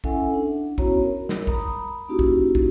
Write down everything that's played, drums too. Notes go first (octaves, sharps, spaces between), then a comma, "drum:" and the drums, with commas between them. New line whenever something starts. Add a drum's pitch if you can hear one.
C#4 E4 A4 E5 F#5 G#5, drum: kick
D4
B3 C#4 E4 F#4 C#5 A#5, drum: kick
A#4
drum: snare
A#5 B5 D#6, drum: kick
A#3 C#4 D#4 E4 F#4 G4
drum: kick
drum: kick